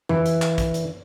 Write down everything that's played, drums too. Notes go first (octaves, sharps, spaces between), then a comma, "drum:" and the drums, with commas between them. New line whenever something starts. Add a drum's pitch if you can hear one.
E3, drum: tom F2
drum: hi-hat
drum: clap
drum: kick, hi-hat
drum: hi-hat